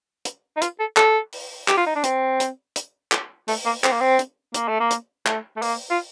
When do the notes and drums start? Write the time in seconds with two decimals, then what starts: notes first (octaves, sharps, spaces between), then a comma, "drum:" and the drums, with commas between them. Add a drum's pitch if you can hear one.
0.25 drum: hi-hat
0.57 D#4
0.62 F4, drum: hi-hat
0.80 A4
0.97 A4, drum: clap
1.33 drum: open hi-hat
1.68 G4, drum: clap
1.77 F4
1.86 D#4
1.96 D4
2.04 C4, drum: hi-hat
2.40 drum: hi-hat
2.76 drum: hi-hat
3.12 drum: clap
3.48 A3, drum: open hi-hat
3.65 A#3
3.84 C4, drum: clap
3.92 A#3
4.01 C4
4.19 drum: hi-hat
4.55 A#3, drum: hi-hat
4.68 A3
4.80 A#3
4.91 drum: hi-hat
5.26 A3, drum: clap
5.56 A3
5.62 A#3, drum: open hi-hat
5.91 F4